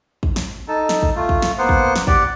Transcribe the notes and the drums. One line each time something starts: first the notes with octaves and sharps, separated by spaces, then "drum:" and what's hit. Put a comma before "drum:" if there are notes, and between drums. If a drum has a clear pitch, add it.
drum: kick
drum: snare
D#4 A4
drum: snare
drum: kick
A3 F4
drum: kick
drum: snare
A#3 B3 C5 F#5
drum: kick
drum: snare
G4 D5 F#5, drum: kick